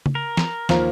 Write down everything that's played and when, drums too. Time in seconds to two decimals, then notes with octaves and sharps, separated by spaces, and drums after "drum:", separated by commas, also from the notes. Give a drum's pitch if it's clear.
0.06 drum: tom C#3
0.15 A#4
0.37 drum: snare
0.69 D#2 F3 A#3 A#5, drum: snare